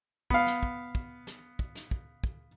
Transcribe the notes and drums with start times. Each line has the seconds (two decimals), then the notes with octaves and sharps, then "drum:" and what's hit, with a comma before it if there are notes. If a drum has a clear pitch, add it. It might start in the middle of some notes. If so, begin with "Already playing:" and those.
0.30 B3 F5, drum: kick
0.47 drum: snare
0.63 drum: kick
0.95 drum: kick
1.27 drum: snare
1.59 drum: kick
1.75 drum: snare
1.91 drum: kick
2.24 drum: kick